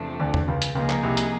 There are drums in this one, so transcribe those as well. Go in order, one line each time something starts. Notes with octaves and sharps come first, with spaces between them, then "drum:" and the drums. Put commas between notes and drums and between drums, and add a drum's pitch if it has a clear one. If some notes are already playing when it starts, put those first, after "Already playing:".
Already playing: E2 C3 F3 A3 D4
D2 D3
drum: tom E2
C#2 C#3
drum: hi-hat
C#2 C#3 F3 A#3 D#4 G#4
drum: clap
C2 C3
drum: hi-hat